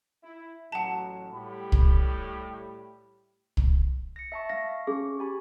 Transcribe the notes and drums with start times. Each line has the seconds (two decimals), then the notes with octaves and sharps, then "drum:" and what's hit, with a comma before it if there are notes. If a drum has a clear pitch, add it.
0.24 E4
0.72 A1 F#3 F#5 A5
1.33 A2 G3 G4 B5
1.72 drum: kick
3.57 drum: kick
4.16 A#6 C#7
4.32 E5 A5 C#6
4.49 F5 A#6
4.87 C#4 G#4 C#6
5.19 G4 G#5 B5